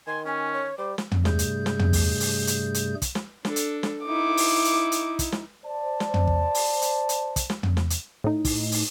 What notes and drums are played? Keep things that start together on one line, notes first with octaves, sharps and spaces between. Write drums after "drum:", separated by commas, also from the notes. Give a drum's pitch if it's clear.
D#3 G#5 C6
C#4 G#5
C#5
G3 C5 D6
drum: snare
drum: tom
G2 C3 G3 A3 G#4 G6, drum: snare
drum: hi-hat
drum: snare
drum: tom
drum: kick, open hi-hat
drum: open hi-hat
drum: hi-hat
drum: hi-hat
drum: kick, hi-hat
drum: snare
D4 A4, drum: snare
drum: hi-hat
drum: snare
D#4 E4 D6
drum: open hi-hat
drum: hi-hat
drum: hi-hat
drum: kick, hi-hat
drum: snare
C5 D5 A5
drum: snare
drum: tom
drum: kick
drum: open hi-hat
drum: hi-hat
drum: hi-hat
drum: kick, hi-hat
drum: snare
drum: tom
drum: snare
drum: hi-hat
A2 D#4
drum: kick, open hi-hat
drum: open hi-hat